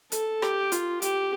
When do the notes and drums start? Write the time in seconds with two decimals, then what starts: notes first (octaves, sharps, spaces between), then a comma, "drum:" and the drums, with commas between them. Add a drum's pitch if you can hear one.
0.12 A4, drum: hi-hat
0.42 G4, drum: rim click
0.72 F4, drum: hi-hat
1.02 G4, drum: hi-hat